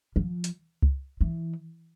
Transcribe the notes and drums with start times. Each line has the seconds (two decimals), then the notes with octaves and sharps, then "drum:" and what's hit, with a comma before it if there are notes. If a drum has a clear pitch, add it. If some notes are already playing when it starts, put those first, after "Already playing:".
0.16 F3
0.44 drum: hi-hat
0.82 drum: kick C#2
1.21 E3